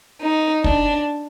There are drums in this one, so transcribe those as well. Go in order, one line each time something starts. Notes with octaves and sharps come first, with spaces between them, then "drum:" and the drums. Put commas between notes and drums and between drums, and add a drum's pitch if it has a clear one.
D#4
D4, drum: kick